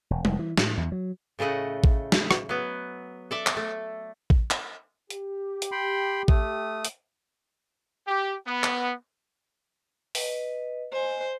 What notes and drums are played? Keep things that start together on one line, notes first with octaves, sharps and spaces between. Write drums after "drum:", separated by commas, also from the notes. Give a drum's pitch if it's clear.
E1
F1, drum: tom G3
E3
A2, drum: snare
E2
F#3
A2 C#3 A3 D#5 F#5
drum: kick A1
drum: snare
drum: rim click
F#3 B3
A4 D5 E5
drum: clap
A3
drum: kick A1
drum: clap
G4, drum: hi-hat
drum: hi-hat
G5 B5 C6
A3 D#6, drum: kick A1
drum: hi-hat
G4
B3
drum: clap
B4 D#5, drum: open hi-hat
C5 D#5 G#5